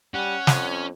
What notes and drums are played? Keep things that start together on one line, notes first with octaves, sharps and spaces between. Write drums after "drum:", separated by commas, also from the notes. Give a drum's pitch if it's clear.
G3 C#4 F#5
F2, drum: snare